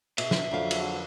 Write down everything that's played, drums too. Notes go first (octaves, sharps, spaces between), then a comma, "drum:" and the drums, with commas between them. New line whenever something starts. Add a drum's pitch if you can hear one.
B2 E5, drum: cymbal
drum: snare
F2 D3 F#3 F5
drum: cymbal